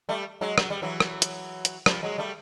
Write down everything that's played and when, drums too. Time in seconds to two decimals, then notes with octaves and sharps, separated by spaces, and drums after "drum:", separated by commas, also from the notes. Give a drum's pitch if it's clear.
0.09 G3 A3
0.41 F#3 G#3
0.58 F#3, drum: rim click
0.70 G3
0.82 E3 F#3
1.00 drum: rim click
1.22 drum: hi-hat
1.65 drum: hi-hat
1.86 F3 G3, drum: rim click
2.03 F#3 G#3
2.18 G3 A3